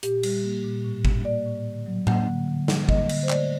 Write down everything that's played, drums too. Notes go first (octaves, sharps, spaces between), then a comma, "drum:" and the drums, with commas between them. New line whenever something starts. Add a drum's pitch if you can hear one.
A#2 G4, drum: hi-hat
G3, drum: cymbal
A#3
A#2
A2
G3, drum: kick
A#3 D5
A2
D3
F#3
A#3 F#5, drum: tom A2
D3
D3
G3, drum: snare
A#3 D#5, drum: kick
D3, drum: cymbal
C5
A3 D5, drum: clap